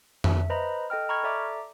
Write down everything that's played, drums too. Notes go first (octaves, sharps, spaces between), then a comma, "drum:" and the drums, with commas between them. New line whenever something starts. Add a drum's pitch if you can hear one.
E5, drum: tom F2
B4 C5 D#5 A#5 B5
A4 D#5 G5 F6
A#5 B5 C#6 F6 G#6
A4 D5 E5 A#5 D6